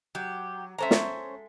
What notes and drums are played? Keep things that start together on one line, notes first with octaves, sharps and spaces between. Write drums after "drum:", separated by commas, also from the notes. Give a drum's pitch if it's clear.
F#3 G4
G#3 C#4 A4 C5 E5 A#5
drum: snare